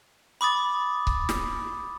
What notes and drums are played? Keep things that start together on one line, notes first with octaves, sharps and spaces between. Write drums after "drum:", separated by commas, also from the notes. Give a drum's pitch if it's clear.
B5 D6 D#6 A6
drum: kick C#1
drum: snare